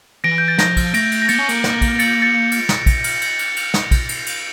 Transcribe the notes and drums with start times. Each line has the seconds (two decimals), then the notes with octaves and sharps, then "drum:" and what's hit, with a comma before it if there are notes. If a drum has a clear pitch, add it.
0.24 E3 A#6 D7
0.38 G6
0.48 A6
0.58 F3 A#6, drum: snare
0.77 drum: kick, cymbal
0.94 A3 A#6 D7, drum: cymbal
1.12 drum: cymbal
1.22 A#6
1.28 A#3 A6 C#7, drum: cymbal
1.38 C#4
1.49 A#3, drum: cymbal
1.64 drum: snare
1.81 drum: kick, cymbal
1.99 A6 C#7, drum: cymbal
2.22 A6 C#7
2.51 drum: cymbal
2.69 drum: snare
2.86 drum: kick, cymbal
3.04 drum: cymbal
3.21 drum: cymbal
3.39 drum: cymbal
3.56 drum: cymbal
3.74 drum: snare
3.91 drum: kick, cymbal
4.09 drum: cymbal
4.26 drum: cymbal